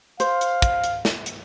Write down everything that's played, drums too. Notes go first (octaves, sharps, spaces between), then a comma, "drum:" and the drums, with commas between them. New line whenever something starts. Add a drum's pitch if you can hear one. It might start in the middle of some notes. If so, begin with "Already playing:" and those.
C5 F5, drum: hi-hat
drum: hi-hat
drum: kick, hi-hat
drum: hi-hat
drum: snare
drum: hi-hat